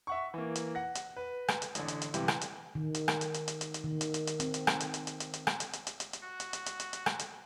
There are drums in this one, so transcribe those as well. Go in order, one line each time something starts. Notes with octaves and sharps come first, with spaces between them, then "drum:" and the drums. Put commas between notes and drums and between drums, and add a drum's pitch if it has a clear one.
E5 F#5 C#6
E3 A#3
drum: hi-hat
F#5 A#6
drum: hi-hat
B4
drum: rim click
drum: hi-hat
A1 D3, drum: hi-hat
drum: hi-hat
drum: hi-hat
G2 C3 E3, drum: hi-hat
drum: rim click
drum: hi-hat
D#3
drum: hi-hat
drum: rim click
drum: hi-hat
drum: hi-hat
drum: hi-hat
drum: hi-hat
drum: hi-hat
D#3
drum: hi-hat
drum: hi-hat
drum: hi-hat
C4, drum: hi-hat
drum: hi-hat
drum: rim click
drum: hi-hat
drum: hi-hat
drum: hi-hat
drum: hi-hat
drum: hi-hat
drum: rim click
drum: hi-hat
drum: hi-hat
drum: hi-hat
drum: hi-hat
drum: hi-hat
F#4
drum: hi-hat
drum: hi-hat
drum: hi-hat
drum: hi-hat
drum: hi-hat
drum: rim click
drum: hi-hat